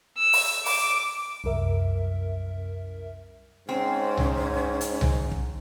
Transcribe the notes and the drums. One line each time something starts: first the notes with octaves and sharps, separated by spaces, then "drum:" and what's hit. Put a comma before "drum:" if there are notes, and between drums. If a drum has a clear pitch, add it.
E6
drum: open hi-hat
D6, drum: open hi-hat
C2 F#2 A#4 E5
G#2 C4 C#4
drum: tom C2
drum: hi-hat
drum: tom C2
drum: kick